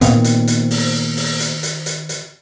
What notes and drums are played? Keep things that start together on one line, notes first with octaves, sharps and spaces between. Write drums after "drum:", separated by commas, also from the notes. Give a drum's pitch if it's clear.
A#2 D#3 B3 C4 F5, drum: hi-hat
drum: hi-hat
drum: hi-hat
drum: open hi-hat
drum: open hi-hat
drum: hi-hat
drum: hi-hat
drum: hi-hat
drum: hi-hat